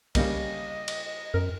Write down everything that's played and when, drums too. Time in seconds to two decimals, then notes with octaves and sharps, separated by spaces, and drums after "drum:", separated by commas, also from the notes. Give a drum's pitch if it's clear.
0.15 C#3 G3 A#3 D#5, drum: kick, cymbal
0.88 drum: cymbal
1.34 F#2 A#4